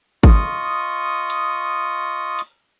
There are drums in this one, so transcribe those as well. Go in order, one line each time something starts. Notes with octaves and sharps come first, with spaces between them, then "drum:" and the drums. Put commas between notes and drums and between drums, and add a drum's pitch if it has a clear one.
F4 D#5 C#6 D#6, drum: kick G#1
drum: hi-hat
drum: hi-hat